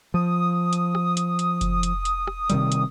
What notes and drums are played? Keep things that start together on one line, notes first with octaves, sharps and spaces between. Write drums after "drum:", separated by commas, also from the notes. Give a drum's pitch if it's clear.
F3 D#6
drum: hi-hat
drum: rim click
drum: hi-hat
drum: hi-hat
drum: kick F#1, hi-hat
drum: hi-hat
drum: hi-hat
drum: rim click
C3 D#3 G3, drum: hi-hat
drum: hi-hat